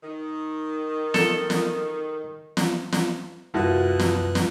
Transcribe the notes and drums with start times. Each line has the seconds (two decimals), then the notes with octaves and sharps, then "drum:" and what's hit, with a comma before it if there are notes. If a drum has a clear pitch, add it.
0.02 D#3
1.14 A4, drum: snare
1.50 drum: snare
2.57 drum: snare
2.92 drum: snare
3.54 C2 F#2 G3 F4 F#4 B4
3.99 drum: snare
4.35 drum: snare